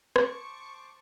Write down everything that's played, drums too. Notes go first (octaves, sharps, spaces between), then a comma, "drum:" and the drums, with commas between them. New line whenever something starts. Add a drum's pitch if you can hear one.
C5 A5 C#6 D6, drum: rim click